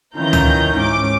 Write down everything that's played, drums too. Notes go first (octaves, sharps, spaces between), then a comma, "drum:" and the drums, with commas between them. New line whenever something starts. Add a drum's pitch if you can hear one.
D#3 E3 C#4 F4 A#5 G6
drum: tom
G#2 C#4 D6